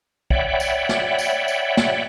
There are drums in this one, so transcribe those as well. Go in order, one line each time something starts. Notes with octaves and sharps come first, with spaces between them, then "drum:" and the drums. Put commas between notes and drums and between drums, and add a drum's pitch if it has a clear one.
C#5 D5 E5 F#5 G5 B5, drum: kick
drum: tambourine
drum: snare
drum: tambourine
drum: tambourine
drum: snare